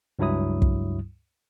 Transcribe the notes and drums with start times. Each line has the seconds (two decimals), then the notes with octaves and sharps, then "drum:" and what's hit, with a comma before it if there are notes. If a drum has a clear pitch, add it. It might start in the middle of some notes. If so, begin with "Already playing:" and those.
0.19 C#2 G2 F#3 E4 D#6
0.62 drum: kick